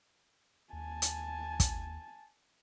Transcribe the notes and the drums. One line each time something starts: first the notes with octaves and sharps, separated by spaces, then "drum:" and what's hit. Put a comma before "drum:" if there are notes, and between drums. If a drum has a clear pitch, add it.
D#2 G#5 A5
drum: hi-hat
drum: kick, hi-hat